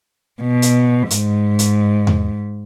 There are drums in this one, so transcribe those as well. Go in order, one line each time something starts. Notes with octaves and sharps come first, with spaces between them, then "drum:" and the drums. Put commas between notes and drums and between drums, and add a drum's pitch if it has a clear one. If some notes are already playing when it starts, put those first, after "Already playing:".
B2
drum: hi-hat
G#2, drum: hi-hat
drum: hi-hat
drum: tom E2